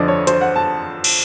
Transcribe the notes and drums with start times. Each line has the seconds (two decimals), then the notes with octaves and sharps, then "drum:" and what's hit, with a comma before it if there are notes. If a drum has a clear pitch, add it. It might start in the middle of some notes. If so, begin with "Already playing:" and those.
Already playing: F2 D3 F3 D5 D#5
0.08 C#5
0.27 C5, drum: hi-hat
0.41 F#5
0.56 A5
1.04 drum: cymbal